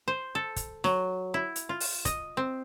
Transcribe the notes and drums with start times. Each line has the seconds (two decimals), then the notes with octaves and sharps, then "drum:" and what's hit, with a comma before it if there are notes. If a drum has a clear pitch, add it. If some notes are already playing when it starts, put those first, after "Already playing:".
0.08 C5
0.35 A4
0.56 drum: kick, hi-hat
0.84 F#3, drum: snare
1.34 E4
1.56 drum: hi-hat
1.69 F4
1.80 drum: open hi-hat
2.05 D#5, drum: kick, hi-hat
2.37 C4